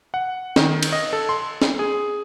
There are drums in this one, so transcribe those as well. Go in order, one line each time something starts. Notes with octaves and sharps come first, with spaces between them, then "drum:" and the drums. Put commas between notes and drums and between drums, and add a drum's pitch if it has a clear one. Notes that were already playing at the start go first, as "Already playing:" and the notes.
F#5
D#3, drum: snare
drum: cymbal
D#5
A4
C6
drum: snare
G#4